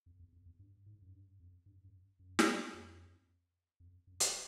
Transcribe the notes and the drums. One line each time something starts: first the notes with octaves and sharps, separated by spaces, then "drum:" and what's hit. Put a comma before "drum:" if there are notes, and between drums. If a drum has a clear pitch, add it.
F2
E2
F2
E2
G2
G#2
F#2
G2
F2
G2
F#2
F#2
drum: snare
F2
F2
F#2
drum: hi-hat